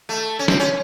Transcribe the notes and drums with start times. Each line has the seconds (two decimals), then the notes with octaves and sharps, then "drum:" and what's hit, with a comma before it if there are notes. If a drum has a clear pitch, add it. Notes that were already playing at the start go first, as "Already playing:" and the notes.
0.09 A3
0.39 C#4
0.48 C4, drum: snare
0.60 C#4